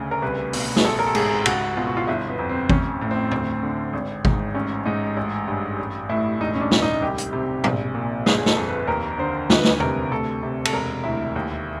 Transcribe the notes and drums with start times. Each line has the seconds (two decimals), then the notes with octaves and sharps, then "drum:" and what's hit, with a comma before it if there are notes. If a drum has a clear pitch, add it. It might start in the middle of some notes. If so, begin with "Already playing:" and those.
Already playing: D2 C#3
0.11 A#4
0.22 C2 B4
0.53 B2, drum: open hi-hat
0.76 G#4, drum: snare
0.84 A1 A4
0.99 A#4
1.06 A4
1.15 G#2 G#4, drum: cymbal
1.46 C#2 F#4, drum: cymbal
1.77 B2 F4
1.87 F#4
1.97 F4
2.07 G1 E4
2.29 B3
2.39 F2
2.49 C4
2.70 A1 C#4, drum: kick G#1
3.01 A2
3.11 C4
3.31 D2, drum: tom E2
3.63 D3
3.93 G#1
4.25 G#2, drum: kick G#1
4.55 A1 C#4
4.85 G#2 D#4
5.17 A1
5.48 G2
5.79 A1
6.09 A2 E4
6.40 E1 D#4
6.55 C#4
6.61 D4
6.71 D2, drum: snare
6.82 D#4
7.02 C2 G4
7.18 drum: hi-hat
7.33 C3
7.64 A#1, drum: tom
7.95 A#2
8.26 G1 G#4, drum: snare
8.37 G#4
8.46 A4, drum: snare
8.57 F2
8.67 B4
8.87 D#2 A#4
9.18 D3 C5
9.50 D2 B4, drum: snare
9.64 drum: snare
9.80 C3 A#4, drum: tom E2
10.12 D2 A4
10.43 C3
10.65 A4, drum: cymbal
10.73 E1 A#4
11.04 D2 E4
11.36 D#2